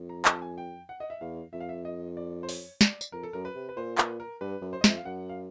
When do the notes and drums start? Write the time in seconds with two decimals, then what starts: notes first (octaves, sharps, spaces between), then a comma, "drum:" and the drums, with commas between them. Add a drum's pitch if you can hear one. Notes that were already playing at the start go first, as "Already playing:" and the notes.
Already playing: F2
0.09 A#5
0.25 A5, drum: clap
0.42 G#5
0.58 G5
0.89 F#5
1.00 D#5
1.10 E5
1.21 E2 F5
1.53 F2 E5
1.60 F5
1.69 E5
1.85 D#5
2.17 D5
2.43 C5
2.49 C#5, drum: open hi-hat
2.81 D5, drum: snare
3.01 drum: tambourine
3.12 F2 A#4
3.23 A4
3.33 F#2 A#4
3.45 B4
3.56 C3
3.69 B4
3.77 A#2 C5
3.98 B4, drum: clap
4.20 A#4
4.41 G2 B4
4.62 F#2
4.73 C5
4.81 D#5
4.84 F2 E5, drum: snare
4.97 F5
5.05 F#2 F#5
5.29 F5